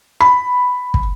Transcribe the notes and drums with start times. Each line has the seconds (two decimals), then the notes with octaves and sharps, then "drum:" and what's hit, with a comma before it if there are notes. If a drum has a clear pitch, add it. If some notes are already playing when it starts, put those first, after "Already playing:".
0.21 B5
0.94 drum: kick